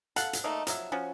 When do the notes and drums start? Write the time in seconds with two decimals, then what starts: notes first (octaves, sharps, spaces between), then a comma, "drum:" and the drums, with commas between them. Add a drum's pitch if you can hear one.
0.16 A4 F5 F#5, drum: hi-hat
0.33 drum: hi-hat
0.44 A3 A#3 D#4 D5
0.67 F3 F#3 E5, drum: hi-hat
0.92 F3 C#4 F#4